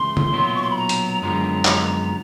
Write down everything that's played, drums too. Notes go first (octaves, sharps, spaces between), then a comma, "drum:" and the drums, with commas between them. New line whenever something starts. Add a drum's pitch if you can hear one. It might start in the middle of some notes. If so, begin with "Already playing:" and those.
Already playing: C#2 C#3 E3 A3 C6
drum: tom
B1 A#2 F#3 B3 E4
C#6
C6
B5
A#5
drum: hi-hat
F#2 D3 F3 G#3 B3 A#5
drum: clap